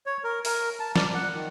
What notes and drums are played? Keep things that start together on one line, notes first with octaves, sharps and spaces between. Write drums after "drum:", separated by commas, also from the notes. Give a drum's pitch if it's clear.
C#5
A#4
A#4, drum: open hi-hat
A5
D5, drum: snare
F#5
D#3